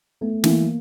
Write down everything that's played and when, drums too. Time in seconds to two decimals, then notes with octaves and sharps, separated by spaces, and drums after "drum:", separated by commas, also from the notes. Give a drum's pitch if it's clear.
0.21 A3 B3
0.44 E3 A#3, drum: snare